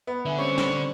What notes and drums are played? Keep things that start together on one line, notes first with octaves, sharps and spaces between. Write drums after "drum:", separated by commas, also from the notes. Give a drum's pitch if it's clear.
B3
D3 E5 G#5
G3 C4 C#4 C#6
drum: snare